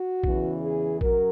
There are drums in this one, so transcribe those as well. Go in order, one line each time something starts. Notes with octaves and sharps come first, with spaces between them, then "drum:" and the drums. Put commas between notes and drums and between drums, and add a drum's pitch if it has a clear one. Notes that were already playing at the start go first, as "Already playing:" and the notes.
Already playing: F#4
E2 C#3 E3, drum: kick A#1
G#4
F#2 F#3 A#4, drum: kick A#1